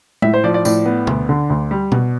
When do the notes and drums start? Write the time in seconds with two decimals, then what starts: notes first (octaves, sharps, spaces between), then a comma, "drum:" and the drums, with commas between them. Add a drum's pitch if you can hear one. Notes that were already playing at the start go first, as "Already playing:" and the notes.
0.22 A2 E5, drum: tom G#3
0.34 C5
0.44 F3 D5
0.54 D5
0.65 A2 D5, drum: tambourine
0.86 B3
1.07 D2, drum: tom B2
1.29 D3
1.50 D2
1.71 G3
1.92 B2, drum: tom B2